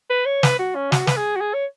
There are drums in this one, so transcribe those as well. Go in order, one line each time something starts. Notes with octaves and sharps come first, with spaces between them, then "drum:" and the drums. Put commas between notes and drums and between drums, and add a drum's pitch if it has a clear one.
B4
C#5
B4, drum: snare
F#4
C#4
F#4, drum: snare
B4, drum: snare
G#4
F#4
G#4
C#5